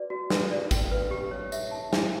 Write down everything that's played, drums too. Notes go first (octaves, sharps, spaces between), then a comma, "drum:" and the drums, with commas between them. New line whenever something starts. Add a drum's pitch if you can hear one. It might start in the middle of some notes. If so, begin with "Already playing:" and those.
Already playing: F#4 B4 D5
F#4
B4, drum: snare
D5
G5, drum: kick G#1, tambourine
B4
G4
C#5
E5, drum: tambourine
A5
E4, drum: snare